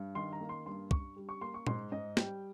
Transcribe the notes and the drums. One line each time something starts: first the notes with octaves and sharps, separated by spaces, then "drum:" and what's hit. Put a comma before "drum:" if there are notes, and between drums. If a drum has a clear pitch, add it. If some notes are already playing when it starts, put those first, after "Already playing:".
Already playing: G2
D#3 C6
A#5
A#3
C6
G2 C6
G2 C#6, drum: kick
G3
C#6
A#3 C6
C#6
G#2 C6, drum: tom A#2
G#2 D#5
G3 G5, drum: snare